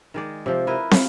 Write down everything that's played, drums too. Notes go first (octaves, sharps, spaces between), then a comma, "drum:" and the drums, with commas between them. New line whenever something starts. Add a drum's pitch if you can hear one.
D#3 G#3 D5
C3 F3
E4 A#4 B4 D#5
F4, drum: snare